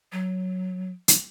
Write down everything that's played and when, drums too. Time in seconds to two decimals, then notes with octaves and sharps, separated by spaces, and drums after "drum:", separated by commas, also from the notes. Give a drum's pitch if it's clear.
0.12 F#3
1.08 drum: hi-hat